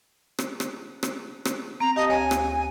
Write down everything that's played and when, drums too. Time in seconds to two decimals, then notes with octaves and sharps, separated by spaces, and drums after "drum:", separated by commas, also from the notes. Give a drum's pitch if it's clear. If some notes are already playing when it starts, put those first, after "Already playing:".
0.39 drum: rim click
0.60 drum: rim click
1.03 drum: rim click
1.45 drum: rim click
1.80 C4 A#5
1.96 G4 D#5 F5 A5
2.10 D2 C#5 G#5
2.31 drum: rim click